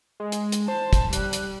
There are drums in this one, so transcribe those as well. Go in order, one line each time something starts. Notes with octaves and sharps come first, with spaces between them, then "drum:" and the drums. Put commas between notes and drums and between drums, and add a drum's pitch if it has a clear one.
G#3
drum: hi-hat
drum: hi-hat
C5 A5
drum: kick, hi-hat
G3 F#6, drum: hi-hat
drum: hi-hat